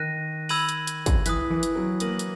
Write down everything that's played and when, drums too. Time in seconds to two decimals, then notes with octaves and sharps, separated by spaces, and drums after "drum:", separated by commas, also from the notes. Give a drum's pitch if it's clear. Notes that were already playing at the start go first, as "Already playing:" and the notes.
Already playing: D#3 F#6 A#6 D#7
0.49 B5 E6 G#6 D#7 F#7, drum: open hi-hat
0.69 drum: hi-hat
0.87 drum: hi-hat
1.06 drum: kick, hi-hat
1.26 E3 D#6 F#6 B6, drum: hi-hat
1.50 E3
1.63 drum: hi-hat
1.76 F#3
2.00 A#3 D#6 A#6 D#7 F#7, drum: hi-hat
2.19 drum: hi-hat